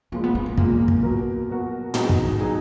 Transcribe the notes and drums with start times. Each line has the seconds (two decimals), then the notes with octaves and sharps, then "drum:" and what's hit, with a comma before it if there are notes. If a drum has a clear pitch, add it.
0.12 A#2 F3 G#3 A#3
0.24 B3
0.35 B3
0.46 B3
0.58 A#2 F3 G#3 A#3, drum: kick
0.88 drum: kick
1.03 B2 F#3 B3 F#4 A#4
1.49 B2 F#3 B3 F#4 A#4
1.94 B2 F#3 B3 D#4 G#4, drum: tom
2.09 drum: kick
2.39 B2 F#3 G#3 B3 D#4 G#4